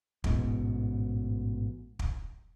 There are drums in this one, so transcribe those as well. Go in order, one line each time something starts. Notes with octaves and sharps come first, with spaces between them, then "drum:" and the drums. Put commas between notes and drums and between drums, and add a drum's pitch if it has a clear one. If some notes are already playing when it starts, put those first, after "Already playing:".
A1 G#2 B2, drum: kick
drum: kick